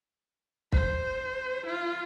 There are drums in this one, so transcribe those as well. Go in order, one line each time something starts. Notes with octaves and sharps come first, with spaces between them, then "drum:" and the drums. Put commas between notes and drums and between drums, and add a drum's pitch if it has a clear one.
C5, drum: kick
F4